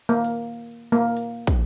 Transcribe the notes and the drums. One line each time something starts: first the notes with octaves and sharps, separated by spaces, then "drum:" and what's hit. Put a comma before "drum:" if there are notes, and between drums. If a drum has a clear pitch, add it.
A#3
drum: hi-hat
A#3
drum: hi-hat
drum: kick, hi-hat